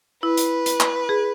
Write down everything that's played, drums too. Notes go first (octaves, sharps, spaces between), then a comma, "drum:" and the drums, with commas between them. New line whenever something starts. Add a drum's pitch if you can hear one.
E4 B4
drum: hi-hat
drum: hi-hat
drum: clap
G#4